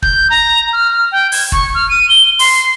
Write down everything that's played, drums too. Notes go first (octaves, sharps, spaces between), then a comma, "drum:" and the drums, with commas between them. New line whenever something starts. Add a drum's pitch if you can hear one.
G6, drum: kick
A#5
F6
F6
G5
G#6, drum: open hi-hat
C#6, drum: kick
F6
D#7
G7
C6, drum: open hi-hat